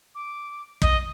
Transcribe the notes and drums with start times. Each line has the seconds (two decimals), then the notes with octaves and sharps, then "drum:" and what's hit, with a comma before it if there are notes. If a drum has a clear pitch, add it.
0.15 D6
0.82 D#5, drum: kick